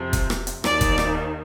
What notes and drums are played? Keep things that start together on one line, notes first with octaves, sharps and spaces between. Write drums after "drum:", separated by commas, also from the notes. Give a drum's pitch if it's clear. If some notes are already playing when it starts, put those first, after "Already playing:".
Already playing: F2 C3 F3
drum: kick, hi-hat
drum: rim click
drum: hi-hat
D#2 D#3 D5, drum: rim click
drum: kick, hi-hat
drum: rim click